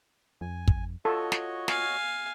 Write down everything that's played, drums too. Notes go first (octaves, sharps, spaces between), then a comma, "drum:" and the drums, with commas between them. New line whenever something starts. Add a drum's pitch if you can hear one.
F2 G#5
drum: kick
F4 F#4 A4 C#5 D#5
drum: snare
F5 G#5, drum: snare